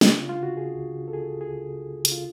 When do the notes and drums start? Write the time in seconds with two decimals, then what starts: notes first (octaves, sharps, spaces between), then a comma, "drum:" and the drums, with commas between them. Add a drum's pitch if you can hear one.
0.01 C#3 D4, drum: snare
0.16 F4
0.20 C#3
0.29 F4
0.39 C#3 F#4
0.57 C#3 G#4
0.75 C#2
0.95 C#3
1.08 A4
1.12 C#2 G#4
1.31 C#3
1.41 G#4
1.49 C#2
1.67 C#3
1.87 C#2
2.05 C#3, drum: hi-hat
2.12 F4